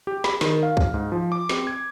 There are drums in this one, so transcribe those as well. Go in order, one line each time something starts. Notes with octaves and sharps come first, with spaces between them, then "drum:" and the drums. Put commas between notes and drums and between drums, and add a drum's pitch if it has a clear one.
G4
B5, drum: snare
D#3, drum: snare
F5
drum: kick C2
G#2
F3
D6
C4, drum: snare
G#6